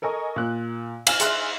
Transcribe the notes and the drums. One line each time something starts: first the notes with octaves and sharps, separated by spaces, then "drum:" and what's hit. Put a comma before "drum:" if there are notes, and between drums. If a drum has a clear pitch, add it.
A4 A#4 D#5 G#5 C#6
A#2 A#3 F#6
F5 G#5 F6, drum: cymbal
G#4 E5 C6 F6 F#6, drum: hi-hat